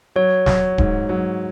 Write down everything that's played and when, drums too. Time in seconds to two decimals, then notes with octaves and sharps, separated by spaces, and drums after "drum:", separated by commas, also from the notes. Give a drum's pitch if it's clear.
0.16 F#3 C#5
0.46 F#3, drum: snare
0.78 G#2, drum: kick D1
1.09 F#3